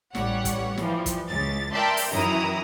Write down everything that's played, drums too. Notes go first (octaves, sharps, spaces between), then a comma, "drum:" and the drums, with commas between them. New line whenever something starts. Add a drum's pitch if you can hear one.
A1 G3 C#5 F#5, drum: snare
drum: kick, hi-hat
E3 F3 G3, drum: snare
drum: kick, hi-hat
C#2 A6
A#4 D5 E5 G5 A5 C6
drum: open hi-hat
F#2 D#3 E3 E4 A#5 D#6